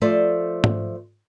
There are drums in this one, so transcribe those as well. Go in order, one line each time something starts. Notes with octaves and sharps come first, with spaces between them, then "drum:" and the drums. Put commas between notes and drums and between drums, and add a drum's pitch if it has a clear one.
F3 A3 C5 D5
drum: tom